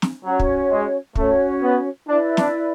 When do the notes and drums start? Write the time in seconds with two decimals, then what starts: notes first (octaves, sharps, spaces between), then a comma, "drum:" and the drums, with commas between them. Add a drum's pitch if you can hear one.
0.02 drum: snare
0.24 F#3 C#4 F#4 C#5
0.39 drum: kick
0.70 G#3
1.15 A3 C#4 F#4 C#5, drum: kick
1.62 B3
2.07 D4 E4 B4 D5
2.37 D4, drum: snare